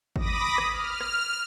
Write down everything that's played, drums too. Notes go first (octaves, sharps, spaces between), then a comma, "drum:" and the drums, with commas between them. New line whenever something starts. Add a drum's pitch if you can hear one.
B5 D6 D#6 A#6, drum: kick G#1
drum: rim click
F6
drum: rim click